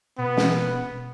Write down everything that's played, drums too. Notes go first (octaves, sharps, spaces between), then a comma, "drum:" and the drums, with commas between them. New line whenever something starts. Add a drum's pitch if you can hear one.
B2 B3
drum: snare